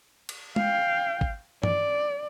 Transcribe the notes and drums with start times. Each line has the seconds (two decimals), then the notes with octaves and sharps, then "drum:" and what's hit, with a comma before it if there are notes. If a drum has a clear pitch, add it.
0.29 drum: cymbal
0.56 F5 G5, drum: tom
1.21 drum: kick G#1
1.63 D5, drum: tom